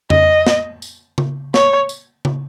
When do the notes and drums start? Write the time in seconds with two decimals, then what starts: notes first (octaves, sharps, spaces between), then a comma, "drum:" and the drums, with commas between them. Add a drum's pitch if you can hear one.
0.10 D#5, drum: tom F2
0.47 drum: snare
0.82 drum: tambourine
1.18 drum: tom C#3
1.54 C#5, drum: snare
1.89 drum: tambourine
2.25 drum: tom C#3